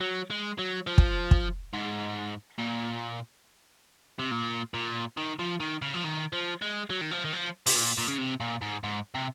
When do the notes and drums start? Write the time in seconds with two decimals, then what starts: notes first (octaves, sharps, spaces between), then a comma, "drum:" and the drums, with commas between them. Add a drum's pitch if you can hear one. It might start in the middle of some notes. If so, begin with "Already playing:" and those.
0.01 F#3
0.30 G#3
0.58 F#3
0.87 F3
0.98 drum: kick
1.31 drum: kick
1.73 G#2
2.59 A#2
4.19 C3
4.31 A#2
4.74 A#2
5.17 D#3
5.39 F3
5.60 D#3
5.82 C#3
5.94 F3
6.04 D#3
6.33 F3
6.62 G#3
6.90 F#3
7.01 D#3
7.11 F3
7.25 D#3
7.33 F3
7.66 C3, drum: open hi-hat
7.76 A#2
7.98 A#2
8.08 C#3
8.18 C3
8.40 A#2
8.62 G#2
8.84 G#2
9.15 C3